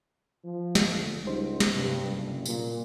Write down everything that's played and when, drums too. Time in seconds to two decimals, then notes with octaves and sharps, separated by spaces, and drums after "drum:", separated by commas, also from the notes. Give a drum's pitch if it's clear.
0.44 F3
0.75 drum: snare
0.88 D3
1.26 C#2 G3 D#4 C5
1.60 drum: snare
1.75 G2 C3 G3
2.07 F#1
2.46 A#2, drum: tambourine